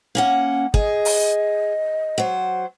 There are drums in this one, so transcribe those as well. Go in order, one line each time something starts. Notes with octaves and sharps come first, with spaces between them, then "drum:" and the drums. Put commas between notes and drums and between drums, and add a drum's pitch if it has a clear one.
A#3 C#4 F#5
G#4 D#5, drum: kick
drum: open hi-hat
F#3 C5